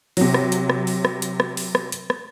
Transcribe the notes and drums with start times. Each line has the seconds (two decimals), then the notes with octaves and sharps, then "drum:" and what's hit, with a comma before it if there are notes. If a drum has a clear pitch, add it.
0.17 C3 F#3, drum: open hi-hat
0.34 drum: rim click
0.52 drum: hi-hat
0.70 drum: rim click
0.87 drum: open hi-hat
1.05 drum: rim click
1.22 drum: hi-hat
1.40 drum: rim click
1.57 drum: open hi-hat
1.75 drum: rim click
1.92 drum: hi-hat
2.10 drum: rim click